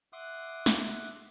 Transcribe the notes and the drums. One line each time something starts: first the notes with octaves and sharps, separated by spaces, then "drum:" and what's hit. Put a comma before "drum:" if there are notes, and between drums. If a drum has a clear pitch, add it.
E5 F#5 C6 D6 D#6 F#6
drum: snare